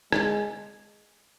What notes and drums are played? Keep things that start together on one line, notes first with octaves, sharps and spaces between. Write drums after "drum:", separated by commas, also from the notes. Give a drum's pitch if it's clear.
G#3, drum: rim click